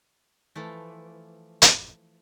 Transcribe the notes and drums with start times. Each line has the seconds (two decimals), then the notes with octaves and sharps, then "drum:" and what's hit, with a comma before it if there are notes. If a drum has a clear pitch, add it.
0.55 E3 F3 A3
1.62 drum: hi-hat